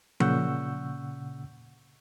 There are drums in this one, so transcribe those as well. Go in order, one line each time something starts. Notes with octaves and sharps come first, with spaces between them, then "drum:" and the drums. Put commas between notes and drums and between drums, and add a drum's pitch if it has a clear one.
A#2 C#3 F#5 C#6 E6 G6, drum: tom F3